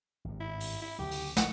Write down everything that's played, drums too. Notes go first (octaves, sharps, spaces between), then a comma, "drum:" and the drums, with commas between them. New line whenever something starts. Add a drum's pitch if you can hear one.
G#1 G2
E4
drum: open hi-hat
E4
D2 C#3 F#3 G4
drum: open hi-hat
A#1 D3 F#5, drum: snare